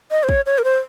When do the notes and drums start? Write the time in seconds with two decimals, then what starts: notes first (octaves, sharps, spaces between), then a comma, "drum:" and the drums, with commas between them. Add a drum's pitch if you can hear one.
0.11 D#5
0.23 C5
0.29 C#5, drum: kick
0.46 C#5
0.58 A#4
0.64 C5